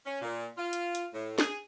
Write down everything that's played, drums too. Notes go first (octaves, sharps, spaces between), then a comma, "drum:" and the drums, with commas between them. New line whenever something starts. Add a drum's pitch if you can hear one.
C#4
A#2
F4
drum: hi-hat
drum: hi-hat
A2
G#4, drum: snare